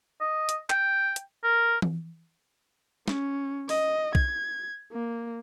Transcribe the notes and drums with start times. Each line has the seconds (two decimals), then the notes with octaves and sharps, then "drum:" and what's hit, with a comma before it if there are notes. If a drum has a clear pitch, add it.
0.21 D#5
0.49 drum: hi-hat
0.70 G5, drum: clap
1.16 drum: hi-hat
1.44 A#4
1.82 drum: tom E3
3.08 C#4, drum: snare
3.69 D#5, drum: open hi-hat
4.15 G#6, drum: kick B1
4.93 A#3